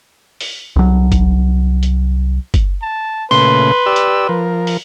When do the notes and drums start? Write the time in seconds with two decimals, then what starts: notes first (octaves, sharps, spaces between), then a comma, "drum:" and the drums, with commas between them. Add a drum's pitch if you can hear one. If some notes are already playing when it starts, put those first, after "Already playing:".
0.41 drum: open hi-hat
0.76 C2 F#3
1.12 drum: kick, hi-hat
1.83 drum: hi-hat
2.54 drum: kick, hi-hat
2.82 A5
3.31 A#2 C#3 A3 B4 C6
3.86 G4 D5 E6
3.96 drum: hi-hat
4.29 F3 A#4
4.67 drum: open hi-hat